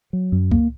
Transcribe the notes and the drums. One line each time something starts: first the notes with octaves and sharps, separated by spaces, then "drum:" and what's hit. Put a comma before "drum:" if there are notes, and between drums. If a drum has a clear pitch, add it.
F#3
F#2
A#3, drum: kick C#2